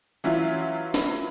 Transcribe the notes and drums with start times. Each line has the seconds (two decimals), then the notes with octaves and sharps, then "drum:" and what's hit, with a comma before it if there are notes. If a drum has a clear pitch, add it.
0.24 E3 F#3 C#4 E4 F4
0.94 drum: snare